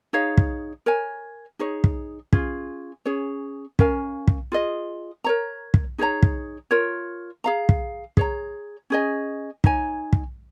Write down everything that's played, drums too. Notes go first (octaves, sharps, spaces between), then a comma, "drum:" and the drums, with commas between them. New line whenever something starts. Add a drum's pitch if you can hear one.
D#4 G#4 C#5 F5
drum: kick
A#4 C#5 G#5
D#4 G#4 C#5
drum: kick
C#4 F4 G#4, drum: kick
C#4 G#4 C#5
C#4 A#4 F5 G#5, drum: kick
drum: kick
F4 G#4 D#5
A#4 C#5 A#5
drum: kick
D#4 G#4 C#5 A#5
drum: kick
F4 A#4 C#5
G#4 F5 A#5
drum: kick
G#4 C#5 A#5, drum: kick
C#4 G#4 D#5 G#5
D#4 C#5 G#5, drum: kick
drum: kick